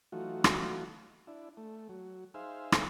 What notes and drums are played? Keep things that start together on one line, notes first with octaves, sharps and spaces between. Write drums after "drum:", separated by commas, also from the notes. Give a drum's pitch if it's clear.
E3 F#3 A3 D#4 F4 F#4
drum: rim click
D4 E4
A3
F#3
D#4 G#4 C5 E5 F5
drum: rim click